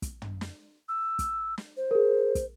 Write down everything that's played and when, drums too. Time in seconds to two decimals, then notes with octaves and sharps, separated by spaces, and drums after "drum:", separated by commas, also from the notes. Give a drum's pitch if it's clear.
0.02 drum: kick, hi-hat
0.22 drum: tom
0.41 drum: snare
0.89 E6
1.19 drum: kick, hi-hat
1.58 drum: snare
1.77 C5
1.91 G#4 A#4
2.35 drum: kick, hi-hat